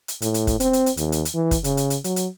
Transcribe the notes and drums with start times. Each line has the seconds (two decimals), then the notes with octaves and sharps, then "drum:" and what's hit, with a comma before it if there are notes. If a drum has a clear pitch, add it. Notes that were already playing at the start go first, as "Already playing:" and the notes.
0.08 drum: hi-hat
0.22 A2, drum: hi-hat
0.34 drum: hi-hat
0.47 drum: kick, hi-hat
0.60 C4, drum: hi-hat
0.73 drum: hi-hat
0.86 drum: hi-hat
0.97 D#2, drum: hi-hat
1.12 drum: hi-hat
1.25 drum: hi-hat
1.34 E3
1.51 drum: kick, hi-hat
1.64 C#3, drum: hi-hat
1.77 drum: hi-hat
1.90 drum: hi-hat
2.04 F#3, drum: hi-hat
2.16 drum: hi-hat